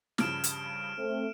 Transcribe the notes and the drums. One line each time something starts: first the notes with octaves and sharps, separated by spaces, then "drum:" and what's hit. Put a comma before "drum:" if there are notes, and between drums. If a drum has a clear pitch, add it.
G2 C#3 F3 F6 D7 E7, drum: snare
drum: hi-hat
A3 C4